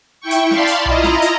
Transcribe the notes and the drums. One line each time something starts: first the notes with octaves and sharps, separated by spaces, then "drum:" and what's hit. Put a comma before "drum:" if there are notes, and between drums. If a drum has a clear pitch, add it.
E4 G5 C#6
drum: hi-hat
D5 F5 A5 B5 C6, drum: snare C#4
drum: hi-hat
E4 F4 D#5 A#5, drum: tom B1
drum: snare C#4
drum: hi-hat